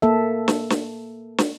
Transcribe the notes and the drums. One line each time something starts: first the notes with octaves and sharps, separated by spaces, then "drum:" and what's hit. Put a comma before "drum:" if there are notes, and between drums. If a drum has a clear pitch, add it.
A#3 A4 E5
drum: snare
drum: snare
drum: snare